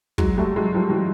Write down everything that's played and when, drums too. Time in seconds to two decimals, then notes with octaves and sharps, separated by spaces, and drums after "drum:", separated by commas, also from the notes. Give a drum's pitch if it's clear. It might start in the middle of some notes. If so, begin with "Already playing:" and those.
0.18 F#3 G#3, drum: kick
0.37 G3 A3
0.56 F#3 G#3
0.74 F3 G3
0.89 E3 F#3